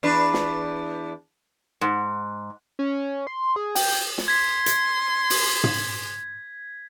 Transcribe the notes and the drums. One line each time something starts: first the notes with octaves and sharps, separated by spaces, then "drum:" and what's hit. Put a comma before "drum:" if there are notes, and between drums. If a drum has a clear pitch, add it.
E2 D4 B4
drum: snare
G#2
C#4
C6
G#4
G5, drum: open hi-hat
drum: snare
C6 G#6 B6
drum: hi-hat
drum: open hi-hat
drum: tom